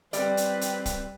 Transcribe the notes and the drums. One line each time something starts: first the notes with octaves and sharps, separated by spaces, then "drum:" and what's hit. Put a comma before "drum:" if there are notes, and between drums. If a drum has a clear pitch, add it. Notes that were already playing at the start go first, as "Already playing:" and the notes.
G3 C4 B4 D5, drum: hi-hat
drum: hi-hat
drum: hi-hat
drum: kick, hi-hat